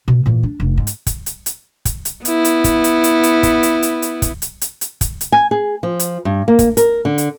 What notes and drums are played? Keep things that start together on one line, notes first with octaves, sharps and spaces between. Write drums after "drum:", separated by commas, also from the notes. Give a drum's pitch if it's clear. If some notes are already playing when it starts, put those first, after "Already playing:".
B2
A#2 E3
D4
F1 D4
G#2
drum: hi-hat
drum: kick, hi-hat
drum: hi-hat
drum: hi-hat
drum: kick, hi-hat
drum: hi-hat
B3 E4, drum: hi-hat
drum: hi-hat
drum: kick, hi-hat
drum: hi-hat
drum: hi-hat
drum: hi-hat
drum: kick, hi-hat
drum: hi-hat
drum: hi-hat
drum: hi-hat
drum: kick, hi-hat
drum: hi-hat
drum: hi-hat
drum: hi-hat
drum: kick, hi-hat
drum: hi-hat
G#5
G#4
F3
drum: hi-hat
G2
A#3
drum: kick, hi-hat
A#4, drum: hi-hat
D3
drum: hi-hat